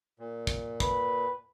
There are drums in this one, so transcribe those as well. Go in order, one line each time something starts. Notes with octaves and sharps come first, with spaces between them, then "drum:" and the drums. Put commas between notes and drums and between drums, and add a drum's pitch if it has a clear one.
A#2
drum: kick
B4, drum: kick